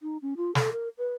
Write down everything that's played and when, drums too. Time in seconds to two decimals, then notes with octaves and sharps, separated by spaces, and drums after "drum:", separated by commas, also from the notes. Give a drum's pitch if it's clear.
0.02 D#4
0.22 C#4
0.37 F4
0.55 A4, drum: snare
0.72 A#4
0.98 B4